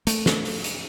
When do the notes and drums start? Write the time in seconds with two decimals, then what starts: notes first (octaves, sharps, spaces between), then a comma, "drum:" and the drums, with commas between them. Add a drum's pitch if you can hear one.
0.07 A3, drum: hi-hat
0.26 drum: snare
0.45 drum: open hi-hat
0.64 drum: hi-hat